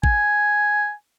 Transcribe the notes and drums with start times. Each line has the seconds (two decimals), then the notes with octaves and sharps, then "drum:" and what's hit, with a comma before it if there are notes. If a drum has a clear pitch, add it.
0.03 G#5, drum: kick